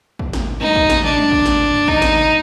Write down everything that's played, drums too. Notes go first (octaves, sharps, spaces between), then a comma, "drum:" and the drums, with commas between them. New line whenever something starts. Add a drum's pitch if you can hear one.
drum: kick
drum: snare
drum: tom
D#4, drum: tom
drum: kick
drum: snare
D4, drum: tom
drum: tom
drum: kick
drum: snare
drum: tom
drum: tom
D#4, drum: kick
drum: snare
drum: tom